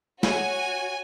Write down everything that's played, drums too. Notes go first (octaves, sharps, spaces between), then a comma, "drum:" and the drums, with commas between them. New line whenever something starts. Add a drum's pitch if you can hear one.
F#4 C#5 G#5, drum: snare